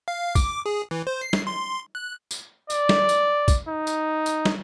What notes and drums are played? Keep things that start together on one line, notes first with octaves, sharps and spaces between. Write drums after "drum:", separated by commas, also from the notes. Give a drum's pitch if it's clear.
F5
D6, drum: kick, tambourine
G#4
E3
C5
C7
drum: snare
C6
F#6
drum: tambourine
D5, drum: tambourine
drum: snare
drum: tambourine
drum: kick, tambourine
D#4
drum: tambourine
drum: tambourine
drum: snare